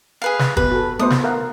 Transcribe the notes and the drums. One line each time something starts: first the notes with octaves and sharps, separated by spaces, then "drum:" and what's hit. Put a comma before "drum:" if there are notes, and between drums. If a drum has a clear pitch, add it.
G#4 B4 F5
drum: snare
B3 G4 B4, drum: kick
F#4 A4
A3 B3 C5 D#6
drum: snare
A#4 F5 F#5